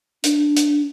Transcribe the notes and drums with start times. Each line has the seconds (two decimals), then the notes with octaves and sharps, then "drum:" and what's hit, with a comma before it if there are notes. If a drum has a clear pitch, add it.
0.24 D4, drum: hi-hat
0.57 drum: hi-hat